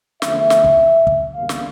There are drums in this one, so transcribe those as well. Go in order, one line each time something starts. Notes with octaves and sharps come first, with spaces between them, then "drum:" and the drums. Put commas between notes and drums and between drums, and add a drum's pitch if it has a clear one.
E2 D3 F3 A3 E5, drum: snare
drum: snare
drum: kick
drum: kick
E2 D3 G3 A#3 F5
drum: snare